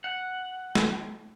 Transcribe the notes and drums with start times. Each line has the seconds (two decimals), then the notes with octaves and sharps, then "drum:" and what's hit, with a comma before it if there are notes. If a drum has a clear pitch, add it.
0.04 F#5
0.75 drum: snare